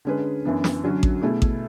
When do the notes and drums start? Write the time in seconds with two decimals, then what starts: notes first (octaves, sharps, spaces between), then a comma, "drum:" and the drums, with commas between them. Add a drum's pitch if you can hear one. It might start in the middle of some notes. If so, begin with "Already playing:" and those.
0.05 D3 G#3 C#4 G#4 B4
0.45 F#2 E3 B3 D4
0.64 drum: snare
0.83 D3 F#3 C#4 F#4
1.03 drum: kick A1
1.22 B2 A3 E4 G#4
1.42 drum: kick A1